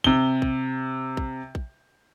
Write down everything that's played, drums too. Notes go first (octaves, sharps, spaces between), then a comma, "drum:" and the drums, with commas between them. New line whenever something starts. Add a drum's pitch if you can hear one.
C3 G7, drum: kick
drum: kick
drum: kick
drum: kick